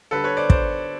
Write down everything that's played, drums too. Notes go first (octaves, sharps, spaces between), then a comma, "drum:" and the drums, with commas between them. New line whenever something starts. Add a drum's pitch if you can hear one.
D3 G3 A4 B4
B4 C#5
C5 D5
C5 D5, drum: kick